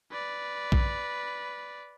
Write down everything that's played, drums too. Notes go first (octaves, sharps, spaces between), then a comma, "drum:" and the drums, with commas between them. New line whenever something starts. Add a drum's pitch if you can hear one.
B4 D5
drum: kick A#1